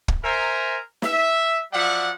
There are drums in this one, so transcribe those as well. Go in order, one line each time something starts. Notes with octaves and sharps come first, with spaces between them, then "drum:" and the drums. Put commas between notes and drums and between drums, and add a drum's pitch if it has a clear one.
drum: kick
A#4 C5 E5 G#5 A#5
E5, drum: snare
F3 F#3 D5 E5 F#5